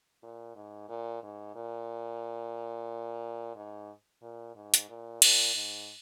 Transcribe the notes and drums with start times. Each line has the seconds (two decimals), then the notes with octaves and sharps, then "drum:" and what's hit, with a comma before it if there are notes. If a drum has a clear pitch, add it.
0.22 A#2
0.55 G#2
0.89 A#2
1.23 G#2
1.55 A#2
3.55 G#2
4.22 A#2
4.55 G#2
4.74 drum: hi-hat
4.89 A#2
5.22 A#2, drum: cymbal
5.55 G#2